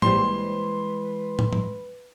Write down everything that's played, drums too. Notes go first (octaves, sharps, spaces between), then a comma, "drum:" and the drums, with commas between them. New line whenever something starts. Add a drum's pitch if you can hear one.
A#1 E3 G3 G#3 B4 C5 C6, drum: tom
drum: tom
drum: tom